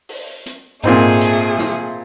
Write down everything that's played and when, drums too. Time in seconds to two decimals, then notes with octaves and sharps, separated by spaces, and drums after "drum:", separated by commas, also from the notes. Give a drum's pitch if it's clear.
0.09 drum: open hi-hat
0.46 drum: hi-hat
0.84 A#2 A3 C4 D#4 G#4, drum: tom G#2
1.21 drum: hi-hat
1.58 drum: snare